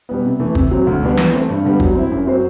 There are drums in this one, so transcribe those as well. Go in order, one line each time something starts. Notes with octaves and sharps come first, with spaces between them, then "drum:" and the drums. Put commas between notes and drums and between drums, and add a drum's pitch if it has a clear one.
B2 G3 B3
C3
E3 A3
C3, drum: kick
F#3 C4
D2
D3 G3 B3 D4
E3, drum: snare
A3 C4
G2
D3 G3 B3
F#3, drum: kick
C4 E4
F#2
F#3 C4 F#4 C5